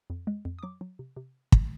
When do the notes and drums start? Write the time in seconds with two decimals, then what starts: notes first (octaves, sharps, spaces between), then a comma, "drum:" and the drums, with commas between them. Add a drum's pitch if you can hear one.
0.10 F2
0.27 G#3
0.45 F2
0.59 D#6
0.63 F#3 D6
0.81 F#3
0.99 C3
1.17 C3
1.52 drum: kick